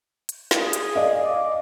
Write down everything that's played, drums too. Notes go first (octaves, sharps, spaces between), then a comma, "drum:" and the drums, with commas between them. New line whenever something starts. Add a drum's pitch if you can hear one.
drum: hi-hat
drum: snare
G#4
drum: hi-hat
D5 D#5 F5
D6